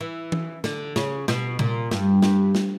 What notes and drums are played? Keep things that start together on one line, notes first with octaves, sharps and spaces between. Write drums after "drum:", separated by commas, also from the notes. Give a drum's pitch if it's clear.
E3
drum: tom E3
D3, drum: snare
C#3, drum: snare
B2, drum: snare
A#2, drum: tom C3
G2, drum: snare
G2, drum: snare
drum: snare